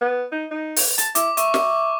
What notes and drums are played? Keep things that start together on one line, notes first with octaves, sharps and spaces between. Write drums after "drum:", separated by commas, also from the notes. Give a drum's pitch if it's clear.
B3
D#4
D#4
drum: open hi-hat
A5, drum: hi-hat
E4 D6, drum: hi-hat
E5 C#6, drum: hi-hat
drum: snare